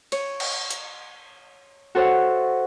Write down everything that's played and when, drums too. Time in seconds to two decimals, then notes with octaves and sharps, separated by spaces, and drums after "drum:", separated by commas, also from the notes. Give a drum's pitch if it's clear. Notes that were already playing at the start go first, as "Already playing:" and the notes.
0.12 C#5, drum: cymbal
0.40 drum: cymbal
0.70 drum: hi-hat
1.95 F#4 A4 C5 C#5 E5 F#5